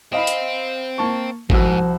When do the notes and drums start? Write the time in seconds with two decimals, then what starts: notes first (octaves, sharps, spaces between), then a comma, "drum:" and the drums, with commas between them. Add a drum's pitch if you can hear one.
0.13 C4 D#5 F5 B5
0.27 drum: hi-hat
0.98 A#3 A5 C#6
1.50 C2 G#2 F3 F#4 E6, drum: kick